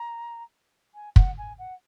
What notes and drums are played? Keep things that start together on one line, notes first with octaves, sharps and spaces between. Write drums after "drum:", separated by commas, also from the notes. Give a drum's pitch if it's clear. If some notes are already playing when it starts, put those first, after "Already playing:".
Already playing: A#5
G#5
F#5, drum: kick
G#5
F#5